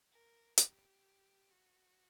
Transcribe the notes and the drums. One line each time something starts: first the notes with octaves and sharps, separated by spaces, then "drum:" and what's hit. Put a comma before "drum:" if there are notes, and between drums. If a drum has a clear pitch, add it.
A#4
G4, drum: hi-hat
F#4